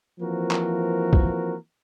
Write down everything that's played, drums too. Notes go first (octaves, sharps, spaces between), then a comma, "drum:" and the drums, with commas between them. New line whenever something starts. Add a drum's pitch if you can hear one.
E3 F3 A#3 C4 F#4 A#4
drum: clap
drum: kick